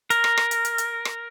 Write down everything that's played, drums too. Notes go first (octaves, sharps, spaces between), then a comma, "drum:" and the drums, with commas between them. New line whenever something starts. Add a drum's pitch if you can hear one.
A#4, drum: hi-hat
drum: rim click
drum: rim click
drum: hi-hat
drum: hi-hat
drum: hi-hat
drum: rim click